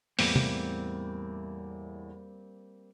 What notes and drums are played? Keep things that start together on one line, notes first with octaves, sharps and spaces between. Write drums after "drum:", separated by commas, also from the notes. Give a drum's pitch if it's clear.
E2 A2 G3 A#3 C4, drum: open hi-hat
drum: tom